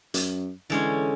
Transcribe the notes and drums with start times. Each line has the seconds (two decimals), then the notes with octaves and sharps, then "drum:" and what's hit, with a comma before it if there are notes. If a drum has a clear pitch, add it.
0.14 F#2, drum: hi-hat
0.70 D3 E3 G#3 C#4